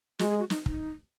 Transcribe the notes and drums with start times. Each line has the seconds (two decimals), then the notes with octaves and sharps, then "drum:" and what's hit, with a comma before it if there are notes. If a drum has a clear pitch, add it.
0.19 G#3 F#4, drum: snare
0.30 G#4
0.40 F#4
0.50 D#4, drum: snare
0.66 D#4, drum: kick